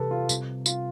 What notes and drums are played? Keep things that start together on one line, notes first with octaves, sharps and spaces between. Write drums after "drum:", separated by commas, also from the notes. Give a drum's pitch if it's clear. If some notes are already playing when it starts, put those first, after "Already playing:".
Already playing: C3 E3 G3 G4 A4 B4
F4
C3 G3 C4, drum: tambourine
F4, drum: tambourine